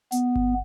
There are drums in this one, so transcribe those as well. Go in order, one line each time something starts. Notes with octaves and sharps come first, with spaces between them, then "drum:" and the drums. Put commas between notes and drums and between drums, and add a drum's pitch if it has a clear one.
B3, drum: hi-hat
drum: kick G1